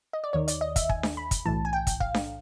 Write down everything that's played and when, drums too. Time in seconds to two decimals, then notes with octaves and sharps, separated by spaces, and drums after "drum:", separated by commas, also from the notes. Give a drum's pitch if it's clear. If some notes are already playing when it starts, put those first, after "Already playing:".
0.13 D#5
0.24 D5
0.33 D#2 D#3 C#5
0.48 D5, drum: hi-hat
0.61 D#5
0.76 E5, drum: kick, hi-hat
0.89 G#5, drum: kick
1.03 drum: snare D4
1.17 B5
1.31 drum: kick, hi-hat
1.46 B1 A2 E3 A5
1.65 G#5
1.73 G5
1.87 drum: kick, hi-hat
2.00 F5, drum: kick
2.14 drum: snare D4